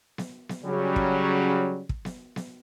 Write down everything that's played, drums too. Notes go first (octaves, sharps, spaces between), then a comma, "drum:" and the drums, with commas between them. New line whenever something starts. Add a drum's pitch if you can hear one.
drum: snare B3
drum: snare B3
C#3 F#3 G3 C#4
drum: kick
drum: kick
drum: snare B3
drum: snare B3